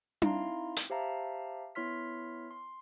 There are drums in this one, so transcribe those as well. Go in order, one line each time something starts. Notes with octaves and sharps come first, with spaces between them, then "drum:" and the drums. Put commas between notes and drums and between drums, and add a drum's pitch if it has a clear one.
C4 D#4 E4 F5 A#5 C6, drum: tom D4
drum: hi-hat
G4 C5 E5 F5 A5 A#5
B3 E4 C#5 C6 F6 B6
C6